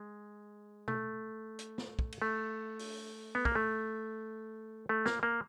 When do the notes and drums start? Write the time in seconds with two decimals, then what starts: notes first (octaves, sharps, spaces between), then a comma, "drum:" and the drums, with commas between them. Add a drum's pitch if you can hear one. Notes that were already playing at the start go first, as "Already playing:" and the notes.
Already playing: G#3
0.88 A3, drum: tom B2
1.59 drum: hi-hat
1.78 drum: snare
1.99 drum: kick
2.12 drum: cymbal
2.22 A3
2.79 drum: open hi-hat
3.35 B3
3.45 A#3, drum: kick
3.55 A3
4.89 A3
5.06 A#3, drum: snare
5.23 A#3